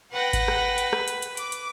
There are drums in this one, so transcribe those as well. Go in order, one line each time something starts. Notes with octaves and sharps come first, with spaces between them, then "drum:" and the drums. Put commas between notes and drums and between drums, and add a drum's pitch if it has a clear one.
B4 F#5 G5 A#6
drum: kick G#1, hi-hat
drum: rim click
drum: hi-hat
drum: rim click
drum: hi-hat
drum: hi-hat
D6, drum: hi-hat
drum: hi-hat